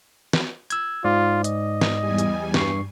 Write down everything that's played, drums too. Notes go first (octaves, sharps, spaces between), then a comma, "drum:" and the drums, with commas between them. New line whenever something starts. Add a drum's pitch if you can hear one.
drum: snare
E6 G#6, drum: hi-hat
G#2 F4 D5
D#5, drum: hi-hat
drum: snare
E2 G3 G#5
drum: hi-hat
G2 C#6 C7, drum: snare